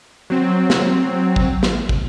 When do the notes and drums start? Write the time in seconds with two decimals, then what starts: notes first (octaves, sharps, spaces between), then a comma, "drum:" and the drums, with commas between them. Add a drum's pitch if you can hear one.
0.30 F#3 C4
0.70 drum: snare
1.36 drum: kick
1.63 drum: snare
1.89 drum: kick